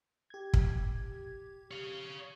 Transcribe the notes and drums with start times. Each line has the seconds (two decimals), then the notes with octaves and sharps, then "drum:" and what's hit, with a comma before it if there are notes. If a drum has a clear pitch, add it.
0.30 G4 G#6
0.54 drum: kick
1.71 C#5 F5